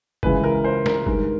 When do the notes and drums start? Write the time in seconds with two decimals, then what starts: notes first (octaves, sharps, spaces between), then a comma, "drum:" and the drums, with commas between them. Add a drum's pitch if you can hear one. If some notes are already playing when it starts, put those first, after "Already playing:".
0.23 C#2 C#3 E3 G#3 B4, drum: kick
0.44 A#4
0.64 C5
0.86 A#4, drum: snare
1.07 G2 D#3 G#3 A#4, drum: kick